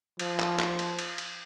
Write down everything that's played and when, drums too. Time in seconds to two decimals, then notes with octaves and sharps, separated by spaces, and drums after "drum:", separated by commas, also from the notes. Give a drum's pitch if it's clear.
0.19 F3, drum: cymbal
0.40 drum: clap
0.59 drum: clap
0.79 drum: cymbal
0.99 drum: cymbal
1.18 drum: cymbal